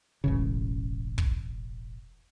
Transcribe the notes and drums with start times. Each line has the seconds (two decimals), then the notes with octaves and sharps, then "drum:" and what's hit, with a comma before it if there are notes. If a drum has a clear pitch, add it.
0.24 E1 A1 C#3
1.18 drum: kick